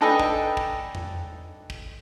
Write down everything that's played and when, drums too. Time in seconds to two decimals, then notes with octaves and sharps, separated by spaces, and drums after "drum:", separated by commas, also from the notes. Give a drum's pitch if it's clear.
0.01 D4 D#4 A4 B4 G5 G#5
0.20 drum: kick
0.57 drum: kick
0.95 drum: tom E2
1.70 drum: kick